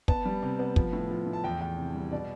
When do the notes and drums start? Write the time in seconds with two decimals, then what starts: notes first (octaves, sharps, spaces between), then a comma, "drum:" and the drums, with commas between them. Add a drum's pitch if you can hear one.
0.08 B3 A5, drum: kick
0.25 G3
0.43 C3
0.59 B3
0.76 F3, drum: kick
0.93 A2
1.11 F3
1.27 A2
1.33 A5
1.44 E2 G5
1.61 E2
1.77 C3
1.94 G3
2.11 B2 D5